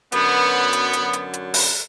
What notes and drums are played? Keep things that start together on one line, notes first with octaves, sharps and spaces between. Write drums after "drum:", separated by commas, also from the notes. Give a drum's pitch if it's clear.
F#2 D3 F#3 B3, drum: hi-hat
drum: hi-hat
F#2 D3 F#3, drum: hi-hat
drum: hi-hat
drum: hi-hat
drum: open hi-hat